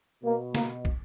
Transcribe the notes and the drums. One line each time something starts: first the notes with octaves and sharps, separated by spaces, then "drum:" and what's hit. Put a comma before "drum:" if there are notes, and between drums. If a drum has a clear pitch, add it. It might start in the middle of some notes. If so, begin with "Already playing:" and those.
B2 A#3
A#3, drum: snare
drum: kick